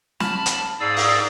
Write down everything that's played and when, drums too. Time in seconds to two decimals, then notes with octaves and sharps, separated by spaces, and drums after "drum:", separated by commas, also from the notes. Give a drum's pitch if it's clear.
0.20 A5 B5 F6, drum: snare
0.46 drum: hi-hat
0.80 G#2 G#4 D5 F5 D#6 E6
0.97 drum: open hi-hat